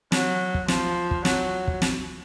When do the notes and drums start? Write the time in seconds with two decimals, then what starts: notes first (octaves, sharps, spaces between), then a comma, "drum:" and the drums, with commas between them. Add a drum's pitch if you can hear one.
0.12 F#3, drum: snare
0.54 drum: kick
0.68 F3, drum: snare
1.11 drum: kick
1.25 F#3, drum: snare
1.67 drum: kick
1.82 drum: snare